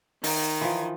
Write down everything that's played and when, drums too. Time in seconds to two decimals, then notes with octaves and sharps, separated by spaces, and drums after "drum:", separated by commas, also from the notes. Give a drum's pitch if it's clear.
0.24 D#3 D#4, drum: open hi-hat
0.61 E3 F3